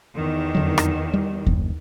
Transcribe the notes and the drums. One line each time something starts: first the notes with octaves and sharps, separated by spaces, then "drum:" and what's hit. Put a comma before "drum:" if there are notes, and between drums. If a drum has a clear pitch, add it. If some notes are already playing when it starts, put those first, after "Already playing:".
E2 D#3
F2 D3 F#3
drum: rim click
G3
F#1, drum: kick D#2